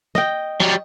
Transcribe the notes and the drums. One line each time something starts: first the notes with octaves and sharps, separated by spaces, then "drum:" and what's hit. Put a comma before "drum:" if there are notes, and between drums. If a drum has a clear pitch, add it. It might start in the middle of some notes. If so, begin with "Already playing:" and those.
D#5 G5, drum: snare
F#3 G3, drum: snare